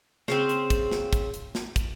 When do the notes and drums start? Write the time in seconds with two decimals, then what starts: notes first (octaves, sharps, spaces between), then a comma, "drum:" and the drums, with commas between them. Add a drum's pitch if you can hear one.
0.28 C#3 C4, drum: snare
0.49 drum: hi-hat
0.70 drum: kick, hi-hat
0.91 drum: snare
1.13 drum: kick, hi-hat
1.34 drum: hi-hat
1.55 drum: snare
1.76 drum: kick, hi-hat